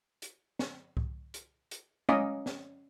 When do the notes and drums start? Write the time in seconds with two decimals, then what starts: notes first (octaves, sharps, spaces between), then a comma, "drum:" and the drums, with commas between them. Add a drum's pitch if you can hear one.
0.22 drum: hi-hat
0.59 drum: snare
0.97 drum: kick C2
1.34 drum: hi-hat
1.71 drum: hi-hat
2.09 C#4 D#5 F5 G#5 A#5 D6, drum: tom G#3
2.46 drum: snare